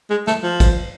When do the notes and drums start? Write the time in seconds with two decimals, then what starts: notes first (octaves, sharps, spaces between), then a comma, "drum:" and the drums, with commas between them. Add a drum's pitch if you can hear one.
0.10 G#3
0.27 A3, drum: snare
0.43 F3
0.60 drum: kick A1, cymbal